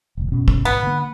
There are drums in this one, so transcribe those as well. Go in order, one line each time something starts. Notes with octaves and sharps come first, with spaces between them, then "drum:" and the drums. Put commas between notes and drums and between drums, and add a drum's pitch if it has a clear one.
E1 C#2
F#2 B2 C#4
drum: kick
G#1 B3
D3 A#3